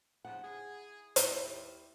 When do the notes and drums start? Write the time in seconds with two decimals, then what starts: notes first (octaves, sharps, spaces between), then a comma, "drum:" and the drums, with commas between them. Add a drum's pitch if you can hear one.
0.25 G#2 C#3 F3 F#5
0.43 E4 G#4
1.16 D#2 E4 G4, drum: hi-hat